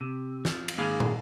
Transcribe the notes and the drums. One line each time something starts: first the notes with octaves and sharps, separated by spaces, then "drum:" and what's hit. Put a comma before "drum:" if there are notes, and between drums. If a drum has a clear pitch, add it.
C3
F3, drum: snare
drum: cymbal
G#2 D#3 A#3 G#4 F5 B5
drum: tom